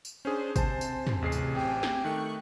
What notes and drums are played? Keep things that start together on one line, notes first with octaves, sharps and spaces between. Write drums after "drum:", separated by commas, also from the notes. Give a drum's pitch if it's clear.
drum: tambourine
C#4 D4 G#4 C5
C3 C5 G#5 A5, drum: kick, tambourine
drum: tambourine
drum: tom
A1 G#4 C7
drum: tambourine
C4 G4 G#5
drum: snare
D#3 A3 C#6 F#6